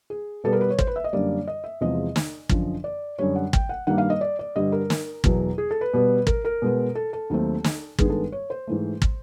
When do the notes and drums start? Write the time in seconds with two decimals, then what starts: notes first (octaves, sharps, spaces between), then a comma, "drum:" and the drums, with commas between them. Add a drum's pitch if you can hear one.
0.10 G#4
0.44 B2 G3 B3 A4
0.53 A#4
0.61 B4
0.70 C#5
0.79 C5, drum: kick
0.87 B4
0.96 E5
1.04 D#5
1.13 F#2 D3 G3 A#3 D5
1.47 D#5
1.64 E5
1.81 E2 C3 F3 G#3 D#5
2.16 drum: snare
2.49 F#2 D3 F3, drum: kick
2.84 D5
3.19 F#2 D3 G3 C#5
3.35 F#5
3.53 G5, drum: kick
3.69 F#5
3.87 G2 D#3 G3 A#3 F#5
3.98 F5
4.10 D#5
4.21 D5
4.39 D5
4.56 G2 D3 G3 D#5
4.72 A#4
4.90 drum: snare
5.24 E2 B2 F#3, drum: kick
5.58 G#4
5.71 A4
5.81 B4
5.94 B2 G3 B3
6.27 A#4, drum: kick
6.45 A#4
6.62 B2 G#3 B3
6.95 A4
7.13 A4
7.30 D#2 D#3 F#3 A3 C4
7.64 drum: snare
7.99 G2 D#3 G#3 B3 G#4, drum: kick
8.10 A4
8.32 C#5
8.50 C5
8.67 G#2 E3 A3
9.02 drum: kick